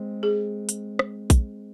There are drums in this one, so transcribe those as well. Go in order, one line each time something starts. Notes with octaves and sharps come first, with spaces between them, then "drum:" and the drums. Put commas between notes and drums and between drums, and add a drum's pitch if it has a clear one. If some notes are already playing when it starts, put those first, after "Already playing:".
Already playing: G#3 C4
G#4
drum: hi-hat
drum: rim click
drum: kick A#1, hi-hat